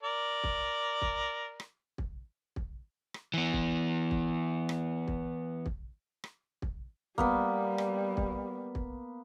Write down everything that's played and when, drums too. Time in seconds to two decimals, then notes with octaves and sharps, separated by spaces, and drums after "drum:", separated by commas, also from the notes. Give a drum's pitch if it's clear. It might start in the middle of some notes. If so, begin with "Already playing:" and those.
0.03 A#4 D5
0.44 drum: kick
1.02 drum: kick
1.60 drum: rim click
1.98 drum: kick
2.56 drum: kick
3.14 drum: rim click
3.34 E3 B3
3.53 drum: kick
4.11 drum: kick
4.69 drum: rim click
5.08 drum: kick
5.66 drum: kick
6.24 drum: rim click
6.62 drum: kick
7.18 G3 A#3 B3 B4, drum: kick
7.78 drum: rim click
8.17 drum: kick
8.75 drum: kick